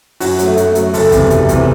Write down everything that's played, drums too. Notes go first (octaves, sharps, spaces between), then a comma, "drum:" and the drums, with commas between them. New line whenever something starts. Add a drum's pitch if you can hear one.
F#2 F#4, drum: open hi-hat
F#3 A3, drum: hi-hat
F#2, drum: hi-hat
F#3 A3, drum: hi-hat
F#1 A4, drum: open hi-hat
E2 C3, drum: kick, hi-hat
F#1, drum: hi-hat
E2 C3, drum: kick, hi-hat